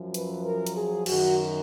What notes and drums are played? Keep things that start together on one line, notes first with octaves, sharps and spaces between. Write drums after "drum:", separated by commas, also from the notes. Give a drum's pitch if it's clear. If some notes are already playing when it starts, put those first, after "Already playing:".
Already playing: F#2 F3
B4, drum: hi-hat
A#4
drum: hi-hat
G#4
F#2 D#3 F#4, drum: cymbal